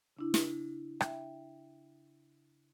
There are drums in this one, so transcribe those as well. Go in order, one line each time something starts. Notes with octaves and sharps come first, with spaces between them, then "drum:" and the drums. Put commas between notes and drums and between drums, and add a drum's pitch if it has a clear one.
C#3 D4 E4
drum: snare
E5 G5, drum: rim click